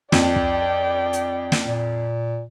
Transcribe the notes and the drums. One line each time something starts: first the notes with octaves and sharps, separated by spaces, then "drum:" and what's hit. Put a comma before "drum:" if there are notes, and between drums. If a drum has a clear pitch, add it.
F2 D5 G5, drum: snare
drum: kick
drum: hi-hat
drum: snare
A#2